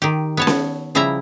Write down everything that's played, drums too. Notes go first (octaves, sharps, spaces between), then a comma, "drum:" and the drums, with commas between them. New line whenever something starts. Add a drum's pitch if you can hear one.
D#3 G4
B3 C#5 A5
drum: snare C#4
C#3 F3 G3 E4 E5 A#5